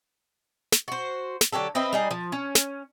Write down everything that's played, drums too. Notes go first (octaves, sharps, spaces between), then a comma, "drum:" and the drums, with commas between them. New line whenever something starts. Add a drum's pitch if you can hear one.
drum: snare
F#4 C5
drum: snare
D3 F#3 G4 A4
C4 B4 D#5 E5
G3 D#4 G#4
F3
C#4
drum: snare